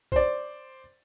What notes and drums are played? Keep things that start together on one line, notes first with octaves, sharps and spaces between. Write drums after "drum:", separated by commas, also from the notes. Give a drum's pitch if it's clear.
C5 D5, drum: kick A#1